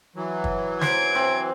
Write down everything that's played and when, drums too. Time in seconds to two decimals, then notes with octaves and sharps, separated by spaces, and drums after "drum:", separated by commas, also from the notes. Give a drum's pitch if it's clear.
0.16 E3 F#3
0.44 drum: kick
0.81 C5 G#6 D7, drum: snare
1.15 C4 C5 G#5